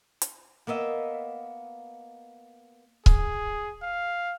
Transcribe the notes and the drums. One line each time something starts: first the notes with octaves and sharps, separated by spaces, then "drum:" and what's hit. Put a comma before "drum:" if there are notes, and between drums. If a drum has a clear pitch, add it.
drum: hi-hat
A#3 B3 D#5 E5
G#4, drum: kick C#1
F5